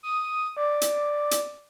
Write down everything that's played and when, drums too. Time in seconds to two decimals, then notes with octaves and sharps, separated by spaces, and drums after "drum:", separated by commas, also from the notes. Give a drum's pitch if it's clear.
0.03 D#6
0.57 D5
0.81 drum: hi-hat
1.31 drum: hi-hat